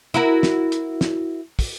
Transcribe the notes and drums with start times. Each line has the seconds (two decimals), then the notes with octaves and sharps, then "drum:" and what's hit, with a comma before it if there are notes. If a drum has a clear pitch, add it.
0.14 E4 F#4 A#4
0.43 drum: snare
0.72 drum: hi-hat
1.01 drum: snare
1.59 drum: kick, open hi-hat